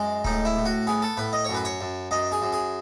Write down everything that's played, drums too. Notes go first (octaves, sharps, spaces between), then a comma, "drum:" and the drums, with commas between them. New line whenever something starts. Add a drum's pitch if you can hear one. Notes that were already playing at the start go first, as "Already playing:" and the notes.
Already playing: F#2 G#3
A2 D#4, drum: kick D1
E4
A2
F#4
B3 G#4
A4
A2 B4
D#5
F#2 C#5
B4
C#5, drum: hi-hat
F#2
F#2 D#5
G#4
F#2
G#4